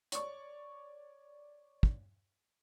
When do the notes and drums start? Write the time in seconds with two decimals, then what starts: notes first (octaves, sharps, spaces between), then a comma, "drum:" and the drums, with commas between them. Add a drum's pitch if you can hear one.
0.12 C#5 D5 C#6, drum: hi-hat
1.83 drum: kick